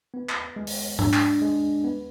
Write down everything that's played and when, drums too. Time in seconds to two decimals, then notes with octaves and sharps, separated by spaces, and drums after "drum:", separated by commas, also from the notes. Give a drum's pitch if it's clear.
0.14 B3
0.29 drum: clap
0.56 G#3
0.67 drum: open hi-hat
0.99 D4, drum: tom G#2
1.13 drum: clap
1.42 G#3
1.84 B3